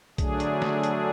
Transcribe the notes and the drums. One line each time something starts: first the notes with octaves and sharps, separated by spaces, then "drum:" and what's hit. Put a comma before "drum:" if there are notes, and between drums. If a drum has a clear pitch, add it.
D3 F#3 A3 D4 G#4, drum: kick B1, hi-hat
drum: hi-hat
drum: snare
drum: hi-hat